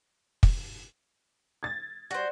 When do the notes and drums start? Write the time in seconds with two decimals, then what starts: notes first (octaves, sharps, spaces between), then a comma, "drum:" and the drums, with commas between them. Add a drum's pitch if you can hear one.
0.43 drum: kick
1.63 G#6 A6
2.11 G3 F#4 C5